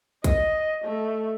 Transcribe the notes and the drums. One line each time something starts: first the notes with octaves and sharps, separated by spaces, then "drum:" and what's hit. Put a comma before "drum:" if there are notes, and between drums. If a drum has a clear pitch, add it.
D#5, drum: kick, hi-hat
A3